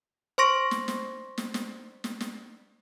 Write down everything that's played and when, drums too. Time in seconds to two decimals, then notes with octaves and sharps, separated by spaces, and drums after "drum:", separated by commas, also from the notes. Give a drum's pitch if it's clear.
0.38 C5 C6 C#6 A#6 D7
0.71 drum: snare
0.88 drum: snare
1.38 drum: snare
1.54 drum: snare
2.04 drum: snare
2.20 drum: snare